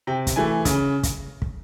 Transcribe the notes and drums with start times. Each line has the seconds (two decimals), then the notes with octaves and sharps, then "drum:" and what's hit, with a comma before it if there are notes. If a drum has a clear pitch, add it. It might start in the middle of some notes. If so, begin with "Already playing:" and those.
0.07 C3 G5
0.27 drum: kick, hi-hat
0.36 E3 A3 G#5
0.65 C#3, drum: kick, hi-hat
1.03 drum: kick, hi-hat
1.42 drum: kick